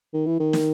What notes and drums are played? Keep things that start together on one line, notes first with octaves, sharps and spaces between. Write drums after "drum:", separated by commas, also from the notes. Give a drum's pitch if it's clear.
D#3
E3
D#3
drum: snare